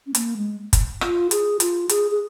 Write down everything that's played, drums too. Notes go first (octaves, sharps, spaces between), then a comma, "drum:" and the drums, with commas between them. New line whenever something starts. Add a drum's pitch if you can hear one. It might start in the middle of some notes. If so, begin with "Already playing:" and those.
C#4
A#3, drum: hi-hat
G#3
drum: kick, hi-hat
F4, drum: rim click
G#4, drum: hi-hat
F4, drum: hi-hat
G#4, drum: hi-hat
G#4